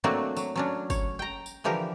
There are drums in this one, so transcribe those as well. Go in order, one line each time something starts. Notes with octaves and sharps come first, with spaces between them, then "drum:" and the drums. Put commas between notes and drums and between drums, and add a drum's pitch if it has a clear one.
F#3 A3 A#3 C4 D4 F#4
F#3, drum: tambourine
F#3 C#4 D4
C#5, drum: kick, tambourine
G5 A#5
drum: tambourine
D3 E3 F3 G4 A#4